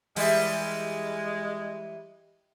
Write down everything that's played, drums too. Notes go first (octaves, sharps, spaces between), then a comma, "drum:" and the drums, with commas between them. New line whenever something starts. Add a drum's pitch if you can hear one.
E3 G3 G#3, drum: open hi-hat